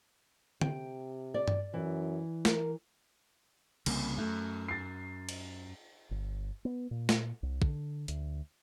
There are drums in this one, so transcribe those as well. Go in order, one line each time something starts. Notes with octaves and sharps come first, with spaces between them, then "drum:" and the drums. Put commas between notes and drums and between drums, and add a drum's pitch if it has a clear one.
C3 G5, drum: tom D3
D5
drum: tom G2
F#2 E3
A#4, drum: snare
C2 C#3 A#3, drum: cymbal
F#2 A3
A6 C7
drum: cymbal
G1
B3
A#2
drum: snare
C2
D3, drum: kick
D2, drum: hi-hat